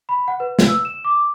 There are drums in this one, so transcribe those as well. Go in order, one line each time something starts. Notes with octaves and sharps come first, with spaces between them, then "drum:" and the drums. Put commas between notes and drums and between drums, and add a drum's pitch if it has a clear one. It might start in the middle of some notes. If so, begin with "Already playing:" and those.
B5
F#5
B4
drum: snare
E6
E7
D6